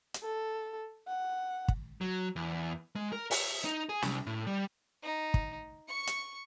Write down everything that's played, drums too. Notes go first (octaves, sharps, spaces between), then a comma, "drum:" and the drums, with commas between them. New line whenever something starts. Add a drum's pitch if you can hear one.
drum: hi-hat
A4
F#5
drum: kick
F#3
E2
G#3
A#4
E5, drum: open hi-hat
D#4
G#4
C2, drum: snare
A2
G3
D#4
drum: kick
C#6 C#7
drum: hi-hat